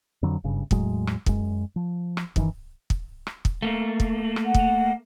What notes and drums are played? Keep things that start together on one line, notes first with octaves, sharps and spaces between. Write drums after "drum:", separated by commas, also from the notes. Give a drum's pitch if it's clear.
F2 D3 F#3
F#1 G2 C#3
E2 A2 F#3 G#3, drum: kick
drum: rim click
F#2 G#3, drum: kick
F3
drum: rim click
F#2 D#3 E3, drum: kick
drum: kick
drum: rim click
drum: kick
A3 A#3
drum: kick
drum: rim click
F#5
drum: kick